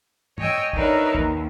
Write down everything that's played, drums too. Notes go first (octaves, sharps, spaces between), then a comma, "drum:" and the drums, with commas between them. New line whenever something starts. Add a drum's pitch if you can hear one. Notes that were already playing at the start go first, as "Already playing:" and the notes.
C#5 D#5 G5 G#5 E6, drum: tom
D4 D#4 A#4 B4 C#5 E5, drum: kick
D#2, drum: kick